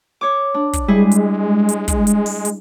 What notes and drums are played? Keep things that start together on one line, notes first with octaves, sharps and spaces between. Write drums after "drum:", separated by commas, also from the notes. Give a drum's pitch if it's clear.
C#5 D6
D4
drum: kick, hi-hat
G3 G#3 E4 G#4
drum: hi-hat
drum: hi-hat
drum: kick, hi-hat
drum: hi-hat
drum: open hi-hat
drum: hi-hat